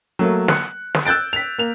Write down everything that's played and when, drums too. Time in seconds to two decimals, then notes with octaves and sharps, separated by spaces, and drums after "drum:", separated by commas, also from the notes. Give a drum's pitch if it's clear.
0.19 F#3 A3 A#3
0.48 F#6 C#7, drum: snare
0.95 drum: snare
1.05 E6 F#6 G6 A6 D7
1.33 B6 F7
1.59 A#3 F7